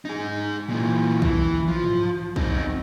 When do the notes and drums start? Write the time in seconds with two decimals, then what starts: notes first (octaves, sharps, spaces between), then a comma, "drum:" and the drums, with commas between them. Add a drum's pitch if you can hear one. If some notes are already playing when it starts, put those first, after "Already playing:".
0.05 D#4 G#4
0.69 A#2 E3
1.22 E3, drum: kick
1.68 F3
1.84 drum: tom
2.36 C4 D#4, drum: kick